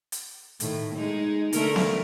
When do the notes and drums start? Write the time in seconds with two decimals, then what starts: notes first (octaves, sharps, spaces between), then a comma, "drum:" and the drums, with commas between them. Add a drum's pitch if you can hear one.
0.12 drum: hi-hat
0.60 A2 D#3, drum: hi-hat
0.94 G#3 D#4
1.53 D3 A3 A#4, drum: hi-hat
1.76 drum: snare B3